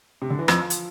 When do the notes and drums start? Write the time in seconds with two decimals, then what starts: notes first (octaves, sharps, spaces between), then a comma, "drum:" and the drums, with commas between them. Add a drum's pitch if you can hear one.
0.22 C3
0.30 D3
0.39 E3
0.48 F2 F3, drum: rim click
0.70 drum: hi-hat